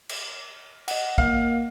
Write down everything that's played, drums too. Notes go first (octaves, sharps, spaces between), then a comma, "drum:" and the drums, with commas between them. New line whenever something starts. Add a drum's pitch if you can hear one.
drum: cymbal
D#5 F#5, drum: cymbal
A#3 F5, drum: kick